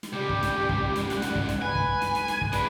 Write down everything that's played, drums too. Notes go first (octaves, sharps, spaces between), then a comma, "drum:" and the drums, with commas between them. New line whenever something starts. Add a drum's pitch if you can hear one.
drum: snare
C#2 G3 G4
drum: kick
drum: snare
drum: kick
drum: snare
F#5, drum: snare
drum: snare
drum: kick
drum: snare
B4 G#5
drum: kick
drum: snare
drum: snare
drum: snare
drum: kick
G#3 D4 B4, drum: snare